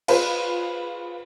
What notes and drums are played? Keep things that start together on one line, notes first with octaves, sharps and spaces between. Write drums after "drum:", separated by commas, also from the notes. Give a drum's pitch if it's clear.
F4 G#4 B4 C5, drum: cymbal